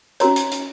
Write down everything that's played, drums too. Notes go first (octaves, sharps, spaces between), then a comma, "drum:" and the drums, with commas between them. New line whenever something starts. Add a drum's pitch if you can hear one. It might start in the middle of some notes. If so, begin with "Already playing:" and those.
C#4 F#4 A#4 C#5 A#5 C6, drum: hi-hat
drum: hi-hat
drum: hi-hat